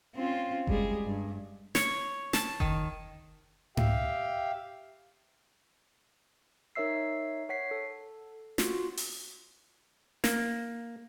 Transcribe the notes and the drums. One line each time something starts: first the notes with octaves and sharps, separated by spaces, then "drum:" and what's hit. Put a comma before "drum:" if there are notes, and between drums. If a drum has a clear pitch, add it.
C4 C#4 F4
G3 G#3 G#4, drum: kick F#1
G2
C#5, drum: snare
A5, drum: snare
D#3, drum: kick F#1
G4 E5 F5 G5, drum: tom G#2
D#4 A#4 C#5 E5 E6 C7
C#5 F#5 B6 C7
A4
F4 F#4, drum: snare
drum: open hi-hat
A#3, drum: snare